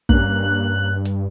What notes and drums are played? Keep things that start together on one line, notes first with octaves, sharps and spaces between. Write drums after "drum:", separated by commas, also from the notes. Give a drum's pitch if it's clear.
G2 A#3 C#4 F#6, drum: kick
drum: hi-hat